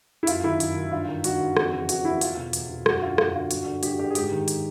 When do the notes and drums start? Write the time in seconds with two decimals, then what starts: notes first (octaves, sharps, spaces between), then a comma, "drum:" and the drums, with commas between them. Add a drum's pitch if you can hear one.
0.23 E4
0.27 F#2 F4, drum: hi-hat
0.43 D#3 E4
0.60 F#2, drum: hi-hat
0.76 D#3
0.92 G2 F4
1.08 D#3
1.24 G2 F#4, drum: hi-hat
1.40 D#3
1.57 F2, drum: rim click
1.73 C#3 E3
1.89 F2 F#4, drum: hi-hat
2.05 C#3 E3 E4
2.21 E2 F4, drum: hi-hat
2.37 B2
2.53 E2, drum: hi-hat
2.70 B2
2.86 F#2 F#4, drum: rim click
3.02 D3 F4
3.18 F#2 F4, drum: rim click
3.35 D3 F4
3.51 G2 F#4, drum: hi-hat
3.66 D3
3.83 G2 G4, drum: hi-hat
3.99 D3 G4
4.10 G#4
4.15 G#2 G4, drum: hi-hat
4.31 D#3
4.48 drum: hi-hat